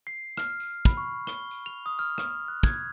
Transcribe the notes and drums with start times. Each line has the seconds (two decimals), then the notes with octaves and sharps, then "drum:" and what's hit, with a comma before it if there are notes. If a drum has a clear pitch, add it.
0.07 C7
0.37 F6, drum: rim click
0.60 drum: tambourine
0.85 B5, drum: kick, tambourine
0.97 C#6
1.27 G7, drum: rim click
1.51 drum: tambourine
1.66 F7
1.86 D#6
1.99 F6, drum: tambourine
2.18 F6, drum: rim click
2.48 F#6
2.63 G#6, drum: kick, tambourine